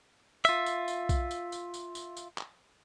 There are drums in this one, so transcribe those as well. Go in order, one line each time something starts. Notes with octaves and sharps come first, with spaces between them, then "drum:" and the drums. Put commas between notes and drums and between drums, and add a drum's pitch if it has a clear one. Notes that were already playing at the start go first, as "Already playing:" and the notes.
F4 E5, drum: tambourine
drum: tambourine
drum: tambourine
drum: kick B1, tambourine
drum: tambourine
drum: tambourine
drum: tambourine
drum: tambourine
drum: tambourine
drum: clap